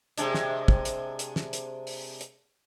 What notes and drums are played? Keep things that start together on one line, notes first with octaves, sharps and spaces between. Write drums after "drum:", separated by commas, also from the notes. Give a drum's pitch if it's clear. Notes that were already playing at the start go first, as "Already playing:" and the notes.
C3 G#3 D4, drum: hi-hat
drum: snare
drum: kick
drum: hi-hat
drum: hi-hat
drum: snare
drum: hi-hat
drum: open hi-hat
drum: hi-hat